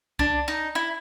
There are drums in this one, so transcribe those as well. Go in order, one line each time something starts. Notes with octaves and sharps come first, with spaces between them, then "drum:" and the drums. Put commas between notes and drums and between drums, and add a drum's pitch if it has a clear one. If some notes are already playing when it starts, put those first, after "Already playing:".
D4, drum: kick C2
D#4
E4